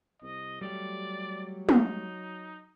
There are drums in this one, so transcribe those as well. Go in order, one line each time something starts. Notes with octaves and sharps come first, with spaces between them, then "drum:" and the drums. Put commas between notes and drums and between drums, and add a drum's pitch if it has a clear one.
C2 D#5
F#3 G3 A3 G4 D5
D#4, drum: tom